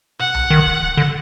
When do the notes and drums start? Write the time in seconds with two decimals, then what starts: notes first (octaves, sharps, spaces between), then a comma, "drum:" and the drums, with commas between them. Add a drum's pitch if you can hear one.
0.19 F#5, drum: tom
0.34 drum: tom B1
0.50 D#3
0.66 drum: kick
0.97 D3